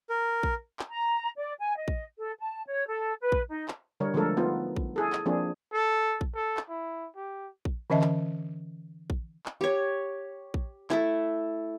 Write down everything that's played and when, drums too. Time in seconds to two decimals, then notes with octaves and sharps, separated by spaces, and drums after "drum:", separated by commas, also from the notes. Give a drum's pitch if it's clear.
0.10 A#4
0.43 drum: kick A#1
0.79 drum: clap
0.90 A#5
1.38 D5
1.59 G#5
1.77 D#5
1.88 drum: kick A#1
2.18 A4
2.39 A5
2.66 C#5
2.87 A4
3.22 B4
3.32 drum: kick A#1
3.50 D#4
3.68 drum: clap
4.00 D3 G3 A#4 C#5
4.14 D3 F3 G#3 A3 A4 A#4
4.37 B3 D#4 F4
4.76 drum: kick A#1
4.96 E4 G#4 A4
5.13 drum: clap
5.26 F3 A#3 C4 D4 F4 G#4
5.73 A4
6.21 drum: kick A#1
6.35 A4
6.57 drum: clap
6.69 E4
7.16 G4
7.65 drum: kick A#1
7.90 D3 E3 C#4 D#5 E5 A5
8.01 drum: clap
9.10 drum: kick A#1
9.46 drum: clap
9.61 G4 C#5
10.54 drum: kick A#1
10.90 A3 E4, drum: clap